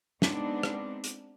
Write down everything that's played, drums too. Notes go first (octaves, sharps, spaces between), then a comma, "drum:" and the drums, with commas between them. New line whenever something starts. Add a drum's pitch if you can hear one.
G#3 B3 C4 D4 D#4, drum: snare
drum: rim click
drum: hi-hat